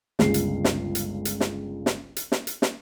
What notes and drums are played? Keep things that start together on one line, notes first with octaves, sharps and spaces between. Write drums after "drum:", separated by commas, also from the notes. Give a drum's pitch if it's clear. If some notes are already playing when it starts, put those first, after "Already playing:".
G1 C#2 C#3 G#4 C7, drum: snare
drum: hi-hat
drum: snare
drum: hi-hat
drum: hi-hat
drum: snare
drum: snare
drum: hi-hat
drum: snare
drum: hi-hat
drum: snare